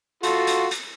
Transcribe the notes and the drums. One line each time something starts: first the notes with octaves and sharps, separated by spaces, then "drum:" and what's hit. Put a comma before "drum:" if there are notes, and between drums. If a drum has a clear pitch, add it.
F4 F#4 A4, drum: hi-hat
drum: hi-hat
drum: hi-hat